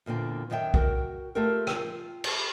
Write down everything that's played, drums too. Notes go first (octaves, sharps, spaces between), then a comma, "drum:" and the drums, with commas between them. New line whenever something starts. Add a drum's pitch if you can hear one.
E2 A#2 D3 C4
F#2 D#3 C#5 E5 G5
F#4 A#4 G5, drum: kick B1
A3 C4 F4 G4 A4 A#4
F4 G5, drum: rim click
G4, drum: cymbal